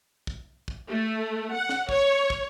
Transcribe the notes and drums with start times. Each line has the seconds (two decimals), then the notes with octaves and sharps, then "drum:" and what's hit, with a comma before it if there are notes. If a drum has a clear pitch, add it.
0.27 drum: kick
0.68 drum: kick
0.88 A3
1.55 F#5
1.69 drum: snare
1.89 C#5, drum: kick
2.30 drum: kick